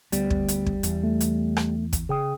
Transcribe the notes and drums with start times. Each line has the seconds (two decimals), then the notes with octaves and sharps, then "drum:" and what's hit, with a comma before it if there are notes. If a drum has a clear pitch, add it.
0.12 D2 G3 B3, drum: hi-hat
0.30 drum: kick
0.48 drum: hi-hat
0.66 drum: kick
0.83 E2, drum: hi-hat
1.04 A3
1.21 drum: hi-hat
1.57 drum: rim click
1.93 drum: kick, hi-hat
2.09 C#3 G#4 G5 D#6